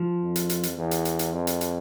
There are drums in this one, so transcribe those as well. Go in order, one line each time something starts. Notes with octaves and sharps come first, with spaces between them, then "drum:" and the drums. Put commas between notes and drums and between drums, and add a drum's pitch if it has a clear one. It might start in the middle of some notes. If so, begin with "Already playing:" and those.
Already playing: F3
F2
drum: hi-hat
drum: hi-hat
drum: hi-hat
E2
drum: hi-hat
drum: hi-hat
drum: hi-hat
F2
drum: hi-hat
drum: hi-hat